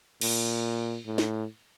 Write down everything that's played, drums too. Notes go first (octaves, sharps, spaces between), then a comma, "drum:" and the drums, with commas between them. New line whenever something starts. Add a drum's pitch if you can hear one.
A#2, drum: cymbal
A2
drum: snare